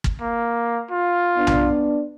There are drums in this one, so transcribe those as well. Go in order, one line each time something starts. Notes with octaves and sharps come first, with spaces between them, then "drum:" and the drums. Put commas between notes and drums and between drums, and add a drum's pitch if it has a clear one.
drum: kick
A#3
F4
B3 D4
drum: tom B1